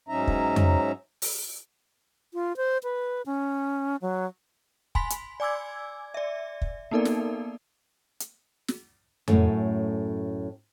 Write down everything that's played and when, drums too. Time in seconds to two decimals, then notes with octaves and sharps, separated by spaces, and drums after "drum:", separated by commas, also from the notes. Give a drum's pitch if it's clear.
0.08 G#2 F#3 C#4 D#4 E5 A#5
0.27 drum: kick
0.56 drum: tom F2
1.22 drum: open hi-hat
2.34 F4
2.57 C5
2.83 B4
3.26 C#4
4.02 F#3
4.95 G#5 B5 C6 B6, drum: kick
5.10 drum: hi-hat
5.40 D5 G#5 D6 E6 G#6
6.14 D5 E5
6.62 drum: kick
6.91 A#3 B3 D#4 A4 A#4 D5
7.05 drum: snare
8.20 drum: hi-hat
8.68 drum: snare
9.28 F#2 A2 A3 C#4, drum: tom F2